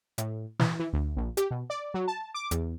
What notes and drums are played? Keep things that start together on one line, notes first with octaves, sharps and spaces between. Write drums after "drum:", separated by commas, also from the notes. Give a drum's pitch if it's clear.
A2, drum: hi-hat
E3, drum: snare
E3
D2
A#1
G4, drum: hi-hat
B2
D5
F#3
A5
D6
E2, drum: hi-hat